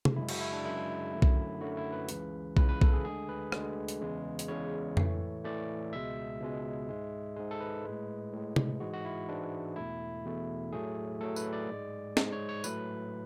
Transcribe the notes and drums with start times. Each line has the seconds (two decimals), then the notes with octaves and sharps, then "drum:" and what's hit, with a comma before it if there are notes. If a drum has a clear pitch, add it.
0.05 drum: tom C3
0.16 F#2 C#3 G#3 E4
0.29 F#4, drum: cymbal
0.41 E4
0.53 D4
0.65 F#2 C#3 G#3 E4
1.13 F#2 D3 F#3 A3
1.22 drum: kick B1
1.61 F#2 D3 F#3 A3 F#4
1.77 E4
1.93 B4
2.09 C#2 C#3 E3, drum: hi-hat
2.57 C#2 C#3 E3 B4, drum: kick B1
2.69 B4
2.81 A4, drum: kick B1
2.93 G#4
3.04 D2 D3 G#3 G#4
3.29 B4
3.52 D2 D3 G#3, drum: rim click
3.88 drum: hi-hat
4.01 E2 C#3 G#3
4.39 drum: hi-hat
4.48 E2 C#3 G#3 C#5
4.97 A2 E3 A3, drum: tom F2
5.45 A2 E3 A3 D5
5.92 C#2 B2 G#3 E5
6.41 C#2 B2 G#3
6.88 G#2 G#3
7.36 G#2 G#3
7.51 A4
7.61 B4
7.84 A2 G#3
8.33 A2 G#3
8.56 drum: tom C3
8.80 G#2 E3 G#3 F#4
8.93 F#4
9.05 E4
9.29 G#2 E3 G#3 D4
9.76 E2 B2 A3 E4
10.25 E2 B2 A3
10.73 A2 F#3 A3 G#4
11.20 A2 F#3 A3 A4
11.36 B4, drum: tambourine
11.53 D5
11.69 G#2 G#3
12.17 G#2 G#3, drum: snare
12.32 C#5
12.49 C#5
12.64 A2 F#3 A3 B4, drum: tambourine